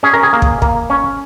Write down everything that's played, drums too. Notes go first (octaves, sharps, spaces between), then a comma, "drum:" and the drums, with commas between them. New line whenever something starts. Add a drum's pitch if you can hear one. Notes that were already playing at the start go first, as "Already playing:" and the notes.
C#4 G#4
A#4
G#4
A#3
drum: kick
A#3, drum: kick
C#4